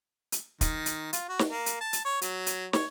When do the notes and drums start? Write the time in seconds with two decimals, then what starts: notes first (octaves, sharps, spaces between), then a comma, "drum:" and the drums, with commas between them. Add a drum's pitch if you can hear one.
0.32 drum: hi-hat
0.61 D#3, drum: kick, hi-hat
0.86 drum: hi-hat
1.13 F4, drum: hi-hat
1.29 F#4
1.39 drum: snare
1.50 A#3
1.66 drum: hi-hat
1.81 A5
1.93 drum: hi-hat
2.05 C#5
2.22 F#3, drum: hi-hat
2.46 drum: hi-hat
2.73 C#5, drum: snare